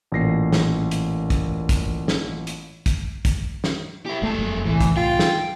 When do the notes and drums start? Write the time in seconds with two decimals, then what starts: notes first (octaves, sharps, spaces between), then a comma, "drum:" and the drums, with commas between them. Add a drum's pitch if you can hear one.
0.12 A1 A#2 A#6 C7
0.53 drum: snare
0.91 drum: hi-hat
1.30 drum: kick, hi-hat
1.69 drum: kick, hi-hat
2.08 drum: snare
2.47 drum: hi-hat
2.86 drum: kick, hi-hat
3.25 drum: kick, hi-hat
3.64 drum: snare
4.06 E4 G4
4.22 F#1 G#3 A3 A4
4.38 F1 F#2
4.65 C2 A2 E3
4.80 drum: kick, hi-hat
4.97 F4 G5
5.19 drum: snare